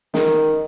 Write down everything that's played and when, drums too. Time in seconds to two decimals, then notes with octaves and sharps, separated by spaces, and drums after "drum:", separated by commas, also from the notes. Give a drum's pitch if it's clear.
0.14 D#3, drum: snare